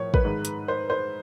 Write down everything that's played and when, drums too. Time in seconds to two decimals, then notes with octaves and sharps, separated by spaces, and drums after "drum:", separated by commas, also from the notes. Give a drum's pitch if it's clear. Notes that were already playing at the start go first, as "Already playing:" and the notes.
Already playing: A2 F3 C#5
0.14 B4, drum: kick
0.25 G#2 D#3 G#3
0.45 drum: hi-hat
0.68 C5
0.90 C5